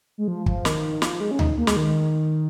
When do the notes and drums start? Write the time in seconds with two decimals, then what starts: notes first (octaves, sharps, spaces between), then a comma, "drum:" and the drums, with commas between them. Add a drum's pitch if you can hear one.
0.18 G#3
0.28 F3
0.46 F3, drum: kick
0.65 D#3, drum: snare
1.02 F3, drum: snare
1.20 G#3
1.31 C#4
1.39 D#4, drum: tom D2
1.58 A#3
1.67 G#3, drum: snare
1.77 D#3